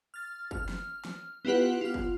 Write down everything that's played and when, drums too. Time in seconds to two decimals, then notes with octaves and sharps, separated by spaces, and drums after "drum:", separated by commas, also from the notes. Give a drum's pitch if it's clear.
0.14 F6 A6
0.51 F6, drum: kick
0.69 drum: snare
1.05 drum: snare
1.45 B3 E4 F4 G4 B4 F#5
1.81 F4 F6
1.94 drum: kick